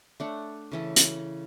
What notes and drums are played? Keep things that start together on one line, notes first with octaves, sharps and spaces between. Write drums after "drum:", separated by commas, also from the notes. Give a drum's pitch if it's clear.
A3 D4 F#5
C#3 E3 A4
drum: hi-hat